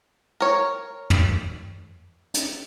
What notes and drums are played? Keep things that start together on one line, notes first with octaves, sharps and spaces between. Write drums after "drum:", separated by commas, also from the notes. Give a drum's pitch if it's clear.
A#4 C#5
drum: tom
drum: hi-hat